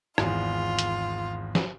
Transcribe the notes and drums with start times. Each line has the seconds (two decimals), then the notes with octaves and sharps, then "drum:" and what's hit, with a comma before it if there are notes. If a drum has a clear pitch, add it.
0.18 G#1 E2 F4, drum: rim click
0.79 drum: hi-hat
1.55 drum: snare